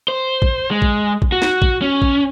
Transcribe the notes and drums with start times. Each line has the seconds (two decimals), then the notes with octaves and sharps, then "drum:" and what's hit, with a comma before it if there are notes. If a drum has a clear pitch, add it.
0.08 C5
0.42 drum: kick A#1
0.71 G#3
0.82 drum: kick A#1
1.22 drum: kick A#1
1.32 F#4
1.42 drum: snare
1.62 drum: kick A#1
1.82 C#4
2.02 drum: kick A#1